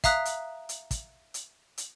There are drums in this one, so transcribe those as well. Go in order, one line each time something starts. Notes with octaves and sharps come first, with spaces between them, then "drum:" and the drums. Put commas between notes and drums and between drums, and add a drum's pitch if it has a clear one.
E5 F5 A#5 D#6 F#6 B6, drum: kick, hi-hat
drum: hi-hat
drum: hi-hat
drum: kick, hi-hat
drum: hi-hat
drum: hi-hat